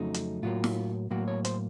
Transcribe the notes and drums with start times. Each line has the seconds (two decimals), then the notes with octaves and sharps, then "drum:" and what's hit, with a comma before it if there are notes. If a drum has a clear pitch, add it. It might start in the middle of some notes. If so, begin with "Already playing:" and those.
Already playing: F2 C#3 F#3 A3 D#4
0.14 drum: hi-hat
0.42 A2 F#3 A#3 F4
0.64 drum: snare
1.11 A2 F#3 A#3 F#4
1.28 C#5
1.45 C5, drum: hi-hat